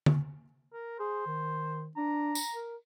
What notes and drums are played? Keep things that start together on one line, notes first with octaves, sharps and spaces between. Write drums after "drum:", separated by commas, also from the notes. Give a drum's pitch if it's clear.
drum: tom D3
A#4
G#4 C5
D#3
D4 A#5
drum: tambourine
A#4